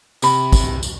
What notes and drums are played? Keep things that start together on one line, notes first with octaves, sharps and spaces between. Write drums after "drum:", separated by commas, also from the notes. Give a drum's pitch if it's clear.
C3 B5, drum: tambourine
drum: kick, tambourine
drum: tambourine